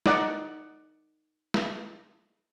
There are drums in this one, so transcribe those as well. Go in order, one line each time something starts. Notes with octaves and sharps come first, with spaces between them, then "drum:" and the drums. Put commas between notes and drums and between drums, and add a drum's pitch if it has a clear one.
D#4 D5 F#5, drum: snare
drum: snare